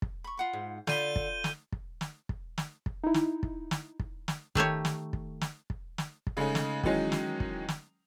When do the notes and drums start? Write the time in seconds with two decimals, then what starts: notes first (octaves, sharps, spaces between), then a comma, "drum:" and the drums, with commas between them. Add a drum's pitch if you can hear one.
0.02 drum: kick
0.24 B5 C#6
0.37 F4 F#5 B5
0.53 G#2
0.87 D3 F4 B5 G6 D#7 G7, drum: snare
1.16 drum: kick
1.44 drum: snare
1.72 drum: kick
2.01 drum: snare
2.29 drum: kick
2.58 drum: snare
2.86 drum: kick
3.04 D#4 E4
3.14 drum: snare
3.43 drum: kick
3.71 drum: snare
4.00 drum: kick
4.28 drum: snare
4.55 D#3 A3 G4 C#5, drum: kick
4.85 drum: snare
5.13 drum: kick
5.41 drum: snare
5.70 drum: kick
5.98 drum: snare
6.27 drum: kick
6.37 C#3 G#3 A3 C#4 D#4
6.55 drum: snare
6.83 D#3 E3 F#3 G#3 C#4 D#4, drum: kick
7.12 drum: snare
7.40 drum: kick
7.69 drum: snare